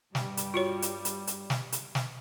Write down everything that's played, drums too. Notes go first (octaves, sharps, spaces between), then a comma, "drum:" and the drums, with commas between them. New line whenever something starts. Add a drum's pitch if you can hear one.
G2 G3, drum: snare
drum: hi-hat
F4 F#4 C#5
drum: hi-hat
drum: hi-hat
drum: hi-hat
drum: snare
drum: hi-hat
drum: snare